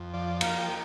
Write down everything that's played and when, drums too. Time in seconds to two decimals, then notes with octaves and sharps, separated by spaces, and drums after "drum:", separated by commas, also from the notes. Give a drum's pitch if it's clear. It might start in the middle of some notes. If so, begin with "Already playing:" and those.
Already playing: F2
0.13 F3 D5
0.41 A#3 F5, drum: cymbal
0.58 G5